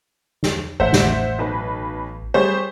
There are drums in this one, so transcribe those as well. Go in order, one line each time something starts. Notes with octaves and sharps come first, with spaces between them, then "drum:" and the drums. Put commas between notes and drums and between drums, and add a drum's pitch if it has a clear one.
drum: snare
A1 C5 E5 F#5
drum: snare
B1 B4
G3 G#4 C5 C#5